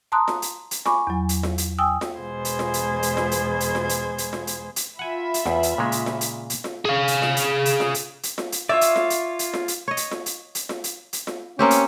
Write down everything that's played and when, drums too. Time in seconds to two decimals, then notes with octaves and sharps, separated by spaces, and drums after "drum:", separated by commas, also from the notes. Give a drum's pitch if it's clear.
0.12 A5 A#5 C6 D#6 F#6
0.28 drum: snare F4
0.42 drum: hi-hat
0.71 drum: hi-hat
0.86 G#5 B5 C#6 D6, drum: snare F4
1.07 E2 F#3
1.29 drum: hi-hat
1.43 drum: snare F4
1.58 drum: hi-hat
1.79 G5 G#5 D#6 E6
2.01 drum: snare F4
2.19 E2 B2 G#3 G#4 C5 G#6
2.45 drum: hi-hat
2.59 drum: snare F4
2.74 drum: hi-hat
3.03 drum: hi-hat
3.17 drum: snare F4
3.31 drum: hi-hat
3.60 drum: hi-hat
3.75 drum: snare F4
3.89 drum: hi-hat
4.18 drum: hi-hat
4.33 drum: snare F4
4.47 drum: hi-hat
4.76 drum: hi-hat
4.99 F4 E5 F#5 G#5 B5
5.34 drum: hi-hat
5.46 E2, drum: snare F4
5.63 drum: hi-hat
5.78 A#2 C#3 G#3
5.92 drum: hi-hat
6.06 drum: snare F4
6.21 drum: hi-hat
6.50 drum: hi-hat
6.64 drum: snare F4
6.85 G#4 F5
7.08 drum: hi-hat
7.22 drum: snare F4
7.37 drum: hi-hat
7.65 drum: hi-hat
7.80 drum: snare F4
7.94 drum: hi-hat
8.23 drum: hi-hat
8.38 drum: snare F4
8.52 drum: hi-hat
8.69 F4 C#5 D5 E5
8.81 drum: hi-hat
8.96 drum: snare F4
9.10 drum: hi-hat
9.39 drum: hi-hat
9.54 drum: snare F4
9.68 drum: hi-hat
9.88 C#5 D#5
9.97 drum: hi-hat
10.11 drum: snare F4
10.26 drum: hi-hat
10.55 drum: hi-hat
10.69 drum: snare F4
10.84 drum: hi-hat
11.13 drum: hi-hat
11.27 drum: snare F4
11.59 A#3 C4 C#4 G4
11.71 drum: hi-hat